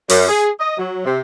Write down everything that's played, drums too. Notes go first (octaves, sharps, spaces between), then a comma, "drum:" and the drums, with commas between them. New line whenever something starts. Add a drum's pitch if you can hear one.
F#2, drum: open hi-hat
G#4
D#5
F#3
C3